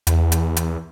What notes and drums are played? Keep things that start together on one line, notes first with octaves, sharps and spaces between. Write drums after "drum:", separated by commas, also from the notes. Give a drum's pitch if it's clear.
E2, drum: hi-hat
drum: hi-hat
drum: hi-hat